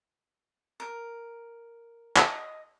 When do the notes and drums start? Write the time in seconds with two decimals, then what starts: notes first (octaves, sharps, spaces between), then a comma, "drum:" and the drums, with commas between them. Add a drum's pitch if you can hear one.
0.80 A#4
2.16 D#5, drum: clap